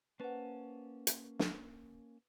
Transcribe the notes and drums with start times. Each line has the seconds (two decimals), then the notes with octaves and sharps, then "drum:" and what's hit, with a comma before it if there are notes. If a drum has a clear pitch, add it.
0.20 A#3 C#4 B4 C5 F#5 A5
1.07 drum: hi-hat
1.39 drum: snare